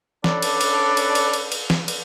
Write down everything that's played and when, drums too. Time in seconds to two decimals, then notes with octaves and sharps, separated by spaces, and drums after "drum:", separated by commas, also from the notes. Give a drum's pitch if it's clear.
0.24 C#4 D4 A4 B4 D5, drum: snare
0.42 drum: cymbal
0.61 drum: cymbal
0.97 drum: cymbal
1.15 drum: cymbal
1.33 drum: cymbal
1.52 drum: cymbal
1.70 drum: snare
1.88 drum: cymbal